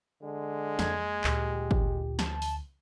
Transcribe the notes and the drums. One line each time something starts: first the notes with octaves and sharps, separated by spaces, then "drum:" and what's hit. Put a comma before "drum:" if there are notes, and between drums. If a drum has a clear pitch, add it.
D3 G#3
F2 A#3 G#6, drum: snare
D2 A#2 G4, drum: clap
drum: kick G#1
A5, drum: snare
drum: open hi-hat